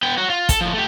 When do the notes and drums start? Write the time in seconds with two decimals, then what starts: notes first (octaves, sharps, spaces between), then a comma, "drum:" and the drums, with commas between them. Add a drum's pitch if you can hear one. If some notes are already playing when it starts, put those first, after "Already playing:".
0.03 B3 G5
0.18 F#4 C#5
0.30 F4
0.49 A4, drum: kick, hi-hat
0.61 A2 F3
0.74 A3 G4